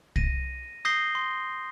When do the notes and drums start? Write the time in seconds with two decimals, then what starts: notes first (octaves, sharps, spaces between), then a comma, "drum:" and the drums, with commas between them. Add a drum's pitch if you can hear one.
0.16 A#6 D#7, drum: kick
0.85 D#6 G6 A#6 C7 G7
1.15 C6